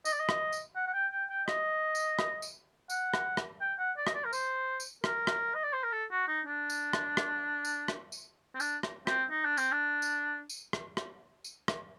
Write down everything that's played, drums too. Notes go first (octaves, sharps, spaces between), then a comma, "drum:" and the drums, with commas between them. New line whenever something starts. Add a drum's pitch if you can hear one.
D#5, drum: tambourine
D5
D#5
drum: rim click
drum: tambourine
F#5
F#5
G5
G5
G5
D#5, drum: rim click
drum: tambourine
drum: rim click
drum: tambourine
F#5, drum: tambourine
drum: rim click
drum: rim click
G5
F#5
D5
D#5, drum: rim click
D5
A#4
C5, drum: tambourine
drum: tambourine
A#4, drum: rim click
drum: rim click
D#5
D5
C5
A#4
A4
F#4
D#4
D4
drum: tambourine
drum: rim click
drum: rim click
drum: tambourine
drum: rim click
drum: tambourine
C4
D4, drum: tambourine
drum: rim click
C4, drum: rim click
D#4
D4
C4, drum: tambourine
D4
drum: tambourine
drum: tambourine
drum: rim click
drum: rim click
drum: tambourine
drum: rim click